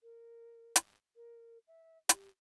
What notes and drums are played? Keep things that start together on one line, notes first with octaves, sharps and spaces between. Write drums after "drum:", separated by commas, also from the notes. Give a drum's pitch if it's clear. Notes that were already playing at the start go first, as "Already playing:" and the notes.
A#4
drum: hi-hat
A#4
E5
G4, drum: hi-hat